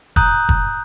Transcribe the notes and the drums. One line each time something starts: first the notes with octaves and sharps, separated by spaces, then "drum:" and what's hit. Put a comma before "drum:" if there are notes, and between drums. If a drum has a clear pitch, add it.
A#5 D#6 F#6 G6, drum: kick
drum: kick